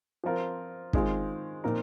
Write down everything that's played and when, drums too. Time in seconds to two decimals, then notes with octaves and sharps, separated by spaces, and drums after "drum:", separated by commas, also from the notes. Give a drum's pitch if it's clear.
0.24 F3 C4 F4 A#4
0.93 D#3 G#3 C4 F4 G#4, drum: kick
1.64 A#2 F3 C4 D#4 A#4